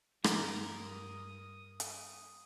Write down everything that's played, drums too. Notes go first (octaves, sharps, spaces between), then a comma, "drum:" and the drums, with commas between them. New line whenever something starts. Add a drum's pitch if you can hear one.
G2 A#4 D#6, drum: rim click
drum: hi-hat